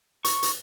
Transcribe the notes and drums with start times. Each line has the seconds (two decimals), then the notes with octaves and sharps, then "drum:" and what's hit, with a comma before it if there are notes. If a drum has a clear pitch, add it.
0.25 C#6, drum: hi-hat
0.43 drum: hi-hat